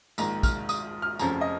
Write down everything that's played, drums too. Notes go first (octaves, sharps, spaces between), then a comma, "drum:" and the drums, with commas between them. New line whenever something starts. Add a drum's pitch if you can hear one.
A#1 G#2 D#3 A#5, drum: tambourine
F6, drum: kick, tambourine
D#6, drum: tambourine
F6
F1 F2 C#3 F3 C#4 A#5, drum: tambourine
D#5